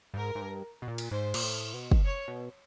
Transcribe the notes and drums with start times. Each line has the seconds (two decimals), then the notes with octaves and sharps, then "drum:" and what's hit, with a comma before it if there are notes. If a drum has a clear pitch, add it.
0.14 G2
0.17 G#2 A#4
0.35 G#2
0.42 G2
0.82 B2
0.88 A#2
0.98 drum: cymbal
1.11 G#2 C5
1.34 A#2, drum: cymbal
1.43 A2
1.74 B2
1.92 drum: kick
2.05 C#5
2.28 B2